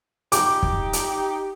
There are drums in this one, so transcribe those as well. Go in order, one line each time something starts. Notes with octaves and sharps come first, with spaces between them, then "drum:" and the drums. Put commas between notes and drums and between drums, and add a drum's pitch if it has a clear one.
D#4 G4 D6, drum: hi-hat
drum: kick
drum: hi-hat